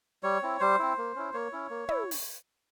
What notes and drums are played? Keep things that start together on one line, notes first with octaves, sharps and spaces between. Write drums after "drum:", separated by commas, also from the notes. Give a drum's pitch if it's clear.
G3 C#5
C4 E4
G3 C5
C4 E4
A#3
C#4 E4
A#3 C#5
C#4 E4
A#3
E4, drum: tom
drum: open hi-hat